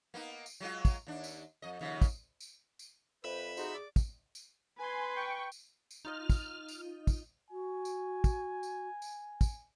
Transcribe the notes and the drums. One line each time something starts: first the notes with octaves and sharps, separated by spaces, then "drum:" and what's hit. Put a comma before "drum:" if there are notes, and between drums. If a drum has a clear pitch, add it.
A#3 B3 D#4
drum: tambourine
F#3 G#3 F4
drum: kick, tambourine
D#2 D4
drum: tambourine
F2 D#5
D#2 C#3 F3
drum: kick, tambourine
drum: tambourine
drum: tambourine
F2 B4 C5 E5 B5 E6
D#4 F#4 G#4 C5, drum: tambourine
D5 D6
drum: kick, tambourine
drum: tambourine
B4 G#5 C6
G5 C#6
drum: tambourine
drum: tambourine
D#4 F4 D#5 F6
drum: kick, tambourine
drum: tambourine
drum: kick, tambourine
F#4 G#5
drum: tambourine
drum: kick, tambourine
drum: tambourine
drum: tambourine
drum: kick, tambourine